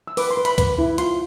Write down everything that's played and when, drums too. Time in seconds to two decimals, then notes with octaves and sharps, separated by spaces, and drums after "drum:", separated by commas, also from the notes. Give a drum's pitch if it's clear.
0.07 E6
0.17 B4 D6, drum: open hi-hat
0.31 C6
0.37 B4
0.45 B5, drum: hi-hat
0.58 B4, drum: kick, hi-hat
0.78 E4
0.98 F4 C6, drum: hi-hat